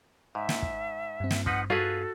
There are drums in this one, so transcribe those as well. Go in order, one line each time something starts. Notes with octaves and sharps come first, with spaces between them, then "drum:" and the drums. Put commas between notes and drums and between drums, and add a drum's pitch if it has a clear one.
G#2 E5
drum: snare
drum: kick
G2 C4
drum: snare
F3 D#4 B4 F#5, drum: kick
F4 F#4 G#4 A4 B4